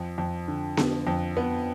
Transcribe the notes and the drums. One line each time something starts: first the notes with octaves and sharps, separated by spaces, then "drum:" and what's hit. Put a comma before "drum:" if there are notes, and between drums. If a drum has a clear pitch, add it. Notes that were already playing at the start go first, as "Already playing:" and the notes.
Already playing: F2
F2
D3
D3, drum: snare B3
F2
B3